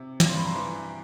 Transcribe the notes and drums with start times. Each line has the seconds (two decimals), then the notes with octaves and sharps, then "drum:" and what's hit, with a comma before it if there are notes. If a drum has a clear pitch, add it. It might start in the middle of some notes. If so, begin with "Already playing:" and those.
Already playing: C3
0.20 G2, drum: snare
0.28 C6
0.36 B5
0.45 A#5 C6
0.55 E3